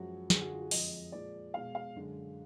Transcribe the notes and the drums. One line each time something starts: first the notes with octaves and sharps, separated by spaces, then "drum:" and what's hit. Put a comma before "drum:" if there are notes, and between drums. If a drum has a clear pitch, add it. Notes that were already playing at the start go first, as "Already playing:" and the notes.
Already playing: F#2 F3 G#3 F#4
F#2 D3 F#3 G#4, drum: snare
F#4
F4
F#4
F2 F3 G#3 D#5, drum: open hi-hat
A#2 F3 G#3 D5
B2 G#3 F5
F5
F#2 D3 G#3